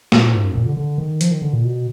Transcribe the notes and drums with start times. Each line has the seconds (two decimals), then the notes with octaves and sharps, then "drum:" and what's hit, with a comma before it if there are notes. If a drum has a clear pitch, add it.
0.12 A#2, drum: snare
0.34 G#2
0.44 F#2
0.55 A#2
0.66 D3
0.77 D3
0.98 D#3
1.21 F3, drum: hi-hat
1.31 D#3
1.42 D3
1.53 A#2
1.64 B2